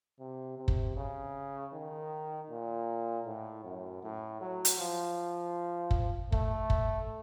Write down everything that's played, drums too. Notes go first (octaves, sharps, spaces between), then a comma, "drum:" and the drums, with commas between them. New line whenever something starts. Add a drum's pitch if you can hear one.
C3
C3
drum: kick
C#3
D#3
A#2
A2
F#2
A2
F#3
drum: hi-hat
F3
drum: kick
A3, drum: kick
drum: kick